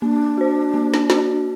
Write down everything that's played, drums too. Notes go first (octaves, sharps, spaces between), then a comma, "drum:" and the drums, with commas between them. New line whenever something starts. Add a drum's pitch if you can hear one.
A#3 D4
F#4 C5
A#3
drum: snare
F#4 C5, drum: snare